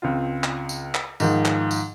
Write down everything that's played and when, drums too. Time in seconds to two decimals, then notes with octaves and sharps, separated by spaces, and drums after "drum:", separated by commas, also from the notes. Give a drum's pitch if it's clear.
0.02 C#2 C4 F4
0.44 drum: clap
0.69 drum: tambourine
0.95 drum: clap
1.20 G#2 D#3 F3, drum: tambourine
1.45 drum: clap
1.71 drum: tambourine